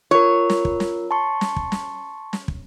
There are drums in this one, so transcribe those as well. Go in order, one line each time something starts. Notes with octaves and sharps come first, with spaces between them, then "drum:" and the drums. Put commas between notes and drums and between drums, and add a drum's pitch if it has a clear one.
F4 A#4 C#5
drum: snare
drum: kick
drum: snare
A5 C6 C#6
drum: snare
drum: kick
drum: snare
drum: snare
drum: kick